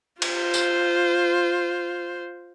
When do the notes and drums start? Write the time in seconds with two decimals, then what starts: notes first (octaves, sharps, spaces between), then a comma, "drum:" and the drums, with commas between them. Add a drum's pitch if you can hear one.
0.22 F4 C5, drum: cymbal
0.54 drum: tambourine